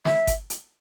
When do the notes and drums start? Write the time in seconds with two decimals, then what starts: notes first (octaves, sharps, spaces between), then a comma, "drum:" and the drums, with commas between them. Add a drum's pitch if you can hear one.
0.05 E5, drum: snare
0.27 drum: kick G1, hi-hat
0.50 drum: hi-hat